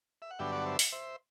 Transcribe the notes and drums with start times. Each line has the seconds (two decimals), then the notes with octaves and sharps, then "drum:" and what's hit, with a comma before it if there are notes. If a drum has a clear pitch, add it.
0.22 E5
0.31 F#5
0.39 G2 D3 F#3 B3 D4 E5 G5
0.52 D5 F#5
0.66 C5 E5
0.79 drum: open hi-hat
0.92 C5 E5